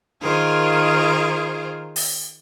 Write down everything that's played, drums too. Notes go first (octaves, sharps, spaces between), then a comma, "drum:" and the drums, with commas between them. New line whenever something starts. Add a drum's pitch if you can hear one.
D#3 F4 G#4 A#4 C5
drum: open hi-hat